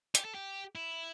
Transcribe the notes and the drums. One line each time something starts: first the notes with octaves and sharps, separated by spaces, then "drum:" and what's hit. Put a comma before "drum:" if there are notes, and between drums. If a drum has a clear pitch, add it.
G4, drum: hi-hat
A4
G4
E4